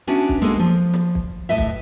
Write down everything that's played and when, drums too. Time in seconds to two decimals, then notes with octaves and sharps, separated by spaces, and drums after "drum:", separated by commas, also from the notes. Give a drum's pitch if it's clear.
0.07 B3 C#4 D4 E4 F#4
0.29 drum: kick
0.42 G#3 A#3 B3 G#4 A4
0.59 F3
0.94 drum: snare
1.15 drum: kick
1.49 A2 B4 D#5 E5
1.58 drum: kick